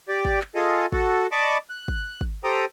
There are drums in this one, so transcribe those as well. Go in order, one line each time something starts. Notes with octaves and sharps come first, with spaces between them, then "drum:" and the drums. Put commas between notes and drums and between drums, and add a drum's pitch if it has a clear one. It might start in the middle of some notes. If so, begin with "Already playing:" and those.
G4 D5
drum: kick
drum: clap
F4 G#4 A4 D#5
F#4 A4, drum: kick
D5 D#5 A5 B5 C#6 D6
F#6
drum: kick
drum: kick
G4 A4 C5 G5 A#5 D#6